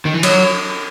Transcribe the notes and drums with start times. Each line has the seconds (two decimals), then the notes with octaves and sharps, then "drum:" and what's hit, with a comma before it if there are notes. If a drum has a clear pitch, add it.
0.05 D#3
0.14 E3
0.23 F#3, drum: cymbal